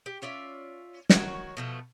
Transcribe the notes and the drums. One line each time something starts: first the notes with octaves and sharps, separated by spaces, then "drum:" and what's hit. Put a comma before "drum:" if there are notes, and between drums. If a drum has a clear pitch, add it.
G4
C#4 F4 D5 E5
D#3 F#4 C#5, drum: snare
B2 F3 A3